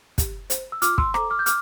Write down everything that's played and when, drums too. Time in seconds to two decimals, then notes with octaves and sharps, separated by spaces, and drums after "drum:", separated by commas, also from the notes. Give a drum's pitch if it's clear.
0.18 G4, drum: kick, hi-hat
0.50 C5, drum: hi-hat
0.72 E6
0.82 F4 D6 F6, drum: hi-hat
0.98 C6 E6, drum: kick
1.14 A4 C5 A#5 D6, drum: rim click
1.30 D6 F6
1.39 G6
1.46 D6 F6, drum: hi-hat